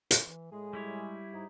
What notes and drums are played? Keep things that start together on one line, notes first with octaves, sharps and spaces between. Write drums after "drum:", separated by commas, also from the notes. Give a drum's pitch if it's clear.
drum: hi-hat
E3
A2 G#3 G#4
G3 E4 C#5
G#2 D#4